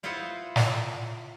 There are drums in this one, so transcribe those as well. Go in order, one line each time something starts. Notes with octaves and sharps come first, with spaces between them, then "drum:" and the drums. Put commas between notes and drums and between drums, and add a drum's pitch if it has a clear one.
E4 F4 B4 C5 D#5 F#5
drum: snare